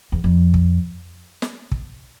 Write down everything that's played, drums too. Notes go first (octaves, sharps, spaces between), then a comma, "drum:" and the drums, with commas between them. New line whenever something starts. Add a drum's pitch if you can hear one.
E2
F2
drum: kick
drum: snare
drum: kick